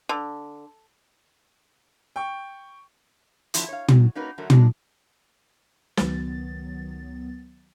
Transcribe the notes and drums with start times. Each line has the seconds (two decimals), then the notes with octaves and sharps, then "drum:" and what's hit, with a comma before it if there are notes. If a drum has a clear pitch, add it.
0.09 D3
2.16 G5 C#6
3.54 F2 D3 F3 F#3 E4, drum: hi-hat
3.69 C#5 F5
3.88 F#3, drum: tom
4.15 A#3 C#4 D#4 F#4 A#4 B4
4.38 D3 F#3 A3 A#4
4.50 E3 G#3 D4, drum: tom
5.97 C#2 D#3 F#3 B3 A6, drum: snare